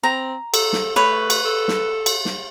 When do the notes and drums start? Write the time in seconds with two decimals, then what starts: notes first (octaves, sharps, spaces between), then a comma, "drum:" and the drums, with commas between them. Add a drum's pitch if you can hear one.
0.03 C4 A#5
0.54 A4, drum: cymbal
0.73 drum: snare
0.96 A3 B4 C#5
1.30 drum: cymbal
1.45 A4
1.68 drum: snare
2.06 drum: cymbal
2.25 drum: snare